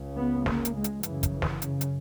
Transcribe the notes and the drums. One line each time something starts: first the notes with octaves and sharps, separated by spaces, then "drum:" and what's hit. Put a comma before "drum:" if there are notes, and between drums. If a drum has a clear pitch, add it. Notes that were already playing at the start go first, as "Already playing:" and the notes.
Already playing: C#2 C#3
B3
A#3, drum: snare
drum: hi-hat
G#3
drum: hi-hat
F#2 C#3 E3, drum: hi-hat
drum: kick, hi-hat
E3
drum: snare
C#3, drum: hi-hat
drum: hi-hat